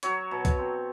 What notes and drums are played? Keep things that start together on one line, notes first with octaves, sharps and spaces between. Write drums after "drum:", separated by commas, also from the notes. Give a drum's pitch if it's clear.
F#3 C#5, drum: hi-hat
B2
drum: kick, hi-hat
C4